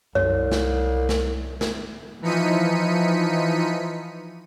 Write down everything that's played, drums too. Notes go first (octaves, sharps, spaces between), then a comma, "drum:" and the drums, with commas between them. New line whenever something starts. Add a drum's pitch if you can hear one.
C2 C#5, drum: tom F#2
drum: snare
drum: snare
drum: snare
E3 F3 D#4 B6 C#7 D#7